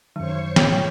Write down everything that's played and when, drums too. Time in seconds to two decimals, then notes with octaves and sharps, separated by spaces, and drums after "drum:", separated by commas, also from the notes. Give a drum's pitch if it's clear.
0.16 F#2 D#3 F#3 C5 C#5 C#6
0.56 A2 F4 G#4 C#5 G5 C#6 G6, drum: snare